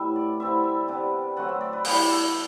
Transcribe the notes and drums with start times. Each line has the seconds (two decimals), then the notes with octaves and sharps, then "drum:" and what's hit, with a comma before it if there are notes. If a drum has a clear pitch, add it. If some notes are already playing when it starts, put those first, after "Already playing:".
Already playing: A2 G3 B3 D4 E5
0.16 D5
0.40 D3 G3 C4 E4 E5
0.64 E5
0.88 C3 G3 B3 D4
1.36 D3 F#3 A3 C4 F#5
1.49 E5
1.61 D5
1.73 B4
1.85 E3 G3 B3, drum: open hi-hat
2.09 A4